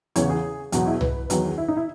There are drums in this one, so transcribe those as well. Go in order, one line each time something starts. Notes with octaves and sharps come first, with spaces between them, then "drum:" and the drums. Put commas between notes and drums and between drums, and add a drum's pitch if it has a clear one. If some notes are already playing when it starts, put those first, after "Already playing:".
E2 C#3 E3 C#5, drum: hi-hat
G#4
E2 B2 F#3 F#4, drum: hi-hat
E4
B4, drum: tom
E2 D#3 F#3, drum: hi-hat
E4
D#4
E4